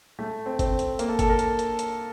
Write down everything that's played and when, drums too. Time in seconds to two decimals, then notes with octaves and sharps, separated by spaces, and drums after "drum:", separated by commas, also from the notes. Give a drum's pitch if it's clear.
0.19 A3
0.46 C4
0.59 C4, drum: kick F#1, hi-hat
0.79 drum: hi-hat
0.99 A#3, drum: hi-hat
1.09 A4
1.19 A4, drum: kick F#1, hi-hat
1.29 A#4
1.39 drum: hi-hat
1.59 drum: hi-hat
1.79 drum: hi-hat